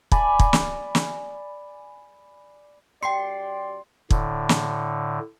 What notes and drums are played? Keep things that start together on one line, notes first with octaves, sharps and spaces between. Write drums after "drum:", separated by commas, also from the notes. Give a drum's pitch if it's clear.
D5 G#5 B5, drum: kick
drum: kick
drum: snare
drum: snare
F#2 G4 D5 G5 C6 C7 C#7
A2 D3, drum: kick
drum: snare